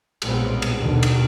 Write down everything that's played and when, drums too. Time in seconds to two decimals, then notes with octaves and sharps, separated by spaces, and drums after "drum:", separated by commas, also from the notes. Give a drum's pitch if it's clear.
0.22 B1 A#2 G3 G#3 B3 C4, drum: cymbal
0.62 drum: cymbal
0.77 D#2 B2 D3 D#3
1.03 drum: cymbal